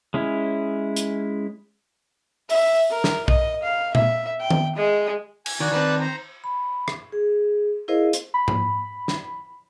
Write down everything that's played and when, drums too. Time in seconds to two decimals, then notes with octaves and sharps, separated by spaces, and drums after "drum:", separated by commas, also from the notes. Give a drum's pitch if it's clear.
0.14 G#3 C#4 E4
0.96 drum: hi-hat
2.50 E5, drum: open hi-hat
2.90 A#4
3.04 drum: snare
3.28 D#5, drum: kick
3.63 F5
3.95 E5, drum: tom A#2
4.41 G5
4.50 drum: tom D#3
4.76 G#3
5.46 G#5, drum: cymbal
5.60 D#3 F#4 D5 G#5
5.72 D#3 C4 B4 D5 A5
6.01 C5 A#5
6.44 B5
6.88 drum: rim click
7.12 G#4
7.88 E4 G#4 A#4 C5 D#5 F5
8.13 drum: hi-hat
8.34 B5
8.48 drum: tom G#2
9.08 drum: snare